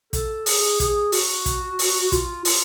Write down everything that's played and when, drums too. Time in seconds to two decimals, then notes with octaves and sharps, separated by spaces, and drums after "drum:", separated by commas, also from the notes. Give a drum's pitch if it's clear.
0.13 A4, drum: kick, hi-hat
0.46 G#4, drum: open hi-hat
0.80 G#4, drum: kick, hi-hat
1.12 F#4, drum: open hi-hat
1.46 drum: kick, hi-hat
1.79 drum: open hi-hat
2.12 F4, drum: kick, hi-hat
2.45 F4, drum: open hi-hat